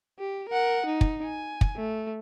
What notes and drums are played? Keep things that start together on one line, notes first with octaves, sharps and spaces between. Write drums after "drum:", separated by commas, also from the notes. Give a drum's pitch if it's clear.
G4
A#4 F#5
D#4
drum: kick
G#5
drum: kick
A3